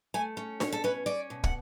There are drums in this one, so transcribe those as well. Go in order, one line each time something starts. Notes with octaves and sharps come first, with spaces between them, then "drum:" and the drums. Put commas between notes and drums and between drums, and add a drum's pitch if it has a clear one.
A3 G#5
C#4
B2 C#5, drum: snare D4
A4
C#4 B4
C#4 D5
B2
F#5, drum: kick